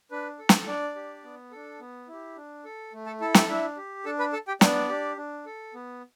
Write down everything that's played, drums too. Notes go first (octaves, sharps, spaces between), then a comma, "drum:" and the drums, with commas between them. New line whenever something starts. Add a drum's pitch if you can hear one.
D4 B4
A4
drum: snare
D4 D5
G4
B3
D4 A4
B3
E4 G4
D4
A4
A3
A4 A5
E4 A4 A5
G4 G5, drum: snare
D4 E4 E5
G4
D4 A4 A5
B4 B5
A4 A5
G4 G5
B3 D4 D5, drum: snare
D4 G4
D4
A4
B3